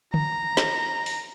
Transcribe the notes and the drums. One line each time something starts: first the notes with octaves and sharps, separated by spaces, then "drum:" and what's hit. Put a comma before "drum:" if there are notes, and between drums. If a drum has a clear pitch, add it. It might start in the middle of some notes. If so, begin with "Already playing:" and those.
A#5, drum: tom
drum: snare
drum: open hi-hat